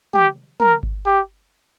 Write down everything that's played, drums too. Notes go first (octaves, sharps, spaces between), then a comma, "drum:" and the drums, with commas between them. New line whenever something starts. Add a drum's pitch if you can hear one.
G4, drum: tom
A#4, drum: tom
drum: kick G1
G4